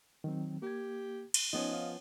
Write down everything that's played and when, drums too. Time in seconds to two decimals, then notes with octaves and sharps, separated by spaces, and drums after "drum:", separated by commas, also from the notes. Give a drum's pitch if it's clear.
0.24 D#3 F#3 C4
0.62 A#3 G4 G#6
1.34 drum: cymbal
1.53 F3 B3 C#4 D#4 D#5
1.73 F5